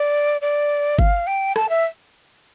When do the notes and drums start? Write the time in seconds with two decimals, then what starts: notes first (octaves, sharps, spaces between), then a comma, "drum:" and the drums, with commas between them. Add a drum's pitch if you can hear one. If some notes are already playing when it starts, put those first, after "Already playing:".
Already playing: D5
0.41 D5
0.99 F5, drum: kick G1
1.27 G5
1.56 A5, drum: rim click
1.69 E5